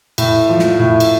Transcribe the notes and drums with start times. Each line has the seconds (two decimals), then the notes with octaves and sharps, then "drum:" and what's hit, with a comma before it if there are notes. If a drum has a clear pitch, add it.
0.18 A2, drum: cymbal
0.49 F3
0.59 drum: snare
0.79 A2
1.00 drum: cymbal